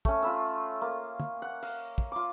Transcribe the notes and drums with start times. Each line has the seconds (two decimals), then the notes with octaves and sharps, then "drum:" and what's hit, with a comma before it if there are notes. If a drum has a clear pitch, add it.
0.05 A3 C#4, drum: kick
0.22 F4 B5 E6
0.81 A#3
1.20 drum: tom
1.42 F#5
1.63 F5, drum: cymbal
1.98 drum: kick
2.12 F4 D6